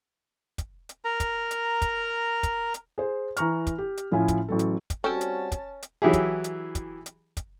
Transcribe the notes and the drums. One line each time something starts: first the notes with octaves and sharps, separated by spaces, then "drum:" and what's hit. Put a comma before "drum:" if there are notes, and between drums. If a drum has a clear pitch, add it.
drum: kick, hi-hat
drum: hi-hat
A#4 A#5
drum: kick, hi-hat
drum: hi-hat
drum: kick, hi-hat
drum: kick, hi-hat
drum: hi-hat
G#4 C5
E3 A#5 C#6 F6, drum: hi-hat
drum: kick, hi-hat
G4
drum: hi-hat
A2 F3 C#4 E4 G#5
drum: kick, hi-hat
A1 F#3 A4
drum: hi-hat
drum: kick, hi-hat
G3 C4 C#4 F#4 A4 G5 A5 E6
drum: hi-hat
drum: kick, hi-hat
drum: hi-hat
E3 F#3 E4 G4 G#4
drum: kick, hi-hat
drum: hi-hat
drum: kick, hi-hat
drum: hi-hat
drum: kick, hi-hat